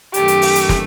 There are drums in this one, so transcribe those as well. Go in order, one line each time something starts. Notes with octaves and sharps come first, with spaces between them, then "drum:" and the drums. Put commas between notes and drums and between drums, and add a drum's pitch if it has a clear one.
F#2 D#3 A3 G4, drum: hi-hat
drum: hi-hat
drum: open hi-hat
drum: hi-hat
drum: snare